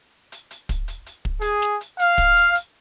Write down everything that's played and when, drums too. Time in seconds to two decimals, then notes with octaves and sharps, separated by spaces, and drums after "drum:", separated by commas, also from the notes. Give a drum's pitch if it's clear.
0.32 drum: hi-hat
0.51 drum: hi-hat
0.69 drum: kick, hi-hat
0.88 drum: hi-hat
1.06 drum: hi-hat
1.25 drum: kick
1.41 G#4, drum: hi-hat
1.62 drum: snare
1.81 drum: hi-hat
1.99 F5, drum: hi-hat
2.18 drum: kick, hi-hat
2.36 drum: hi-hat
2.55 drum: hi-hat